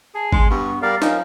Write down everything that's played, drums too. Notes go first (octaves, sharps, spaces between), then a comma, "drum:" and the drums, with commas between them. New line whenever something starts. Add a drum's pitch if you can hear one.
G#4 A5
G#3 C6, drum: kick G#1
G2 B3 C#6
G3 G4 A#4 D5 F5
F3 F#3 D#4 A#4 G#5, drum: snare